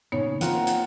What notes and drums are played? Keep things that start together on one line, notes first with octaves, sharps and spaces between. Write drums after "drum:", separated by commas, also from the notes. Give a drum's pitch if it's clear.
A#2 C#3 B3 D#4 C#5
A#3 C4 F4 A#4 F#5 G5, drum: hi-hat
drum: hi-hat